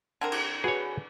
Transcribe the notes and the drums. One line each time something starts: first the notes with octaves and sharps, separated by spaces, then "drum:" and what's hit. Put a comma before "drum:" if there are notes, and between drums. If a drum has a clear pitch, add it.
D3 C4 A#4 G#6
drum: cymbal
F#4 G#4 B4 C#5 G#5